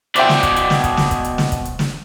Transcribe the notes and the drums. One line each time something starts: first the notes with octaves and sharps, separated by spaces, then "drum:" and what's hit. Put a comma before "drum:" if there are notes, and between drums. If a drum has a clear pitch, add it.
B2 C5 D5 E5 G5, drum: hi-hat
drum: snare
drum: kick, hi-hat
drum: hi-hat
drum: snare
drum: kick, hi-hat
drum: snare
drum: kick, hi-hat
drum: hi-hat
drum: snare
drum: kick, hi-hat
drum: hi-hat
drum: snare